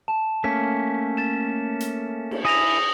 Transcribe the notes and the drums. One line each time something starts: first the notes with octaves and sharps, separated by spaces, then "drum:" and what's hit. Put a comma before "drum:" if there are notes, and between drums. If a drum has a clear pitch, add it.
A5 E7
A3 A#3 C#4 B6
A6 E7
drum: hi-hat
drum: cymbal
E4 G#5 D#6 A#6 F7